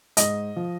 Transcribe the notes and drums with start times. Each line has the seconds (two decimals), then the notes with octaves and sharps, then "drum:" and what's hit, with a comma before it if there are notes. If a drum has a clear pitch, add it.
0.17 G#2 D#5, drum: hi-hat
0.56 F3